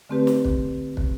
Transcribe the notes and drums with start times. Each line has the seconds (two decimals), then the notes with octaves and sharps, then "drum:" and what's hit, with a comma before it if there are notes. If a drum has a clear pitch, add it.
0.09 D3 A3 C4 G4 B4
0.27 drum: snare
0.45 drum: kick
0.97 drum: kick